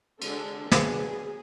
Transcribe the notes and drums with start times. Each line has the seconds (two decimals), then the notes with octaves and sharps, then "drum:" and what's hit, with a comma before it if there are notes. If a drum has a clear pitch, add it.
0.21 D3 G#3 D4 A4, drum: cymbal
0.71 F#3 B3 D4 G#4, drum: snare